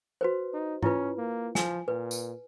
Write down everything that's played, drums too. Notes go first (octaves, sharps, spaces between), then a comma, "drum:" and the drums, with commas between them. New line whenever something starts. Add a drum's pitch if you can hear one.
F#4 B4 C5
D#4
C#4 E4 F4 B4, drum: tom G#2
A#3
F3 G#5, drum: snare
A#2 B4
drum: tambourine